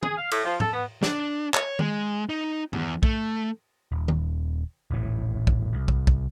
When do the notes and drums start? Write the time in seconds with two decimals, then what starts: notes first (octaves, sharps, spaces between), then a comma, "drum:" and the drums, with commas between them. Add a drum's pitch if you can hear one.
0.03 G#4, drum: tom
0.17 F5
0.31 A2, drum: cymbal
0.45 F3
0.60 A4, drum: tom G#2
0.73 B3
1.03 D4, drum: snare
1.54 C#5, drum: clap
1.79 G#3, drum: tom D#3
2.29 D#4
2.73 E2, drum: tom G2
3.03 A3, drum: kick
3.92 D#1
4.08 drum: tom D#3
4.91 D#1 A1 A2
5.47 drum: kick
5.74 C2
5.88 drum: kick
6.07 drum: kick